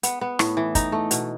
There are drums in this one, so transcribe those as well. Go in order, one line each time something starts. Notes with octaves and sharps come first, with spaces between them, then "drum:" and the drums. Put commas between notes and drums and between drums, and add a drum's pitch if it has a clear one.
B3, drum: hi-hat
B3
A2, drum: rim click
E3
D#4, drum: kick, hi-hat
A3
B2, drum: hi-hat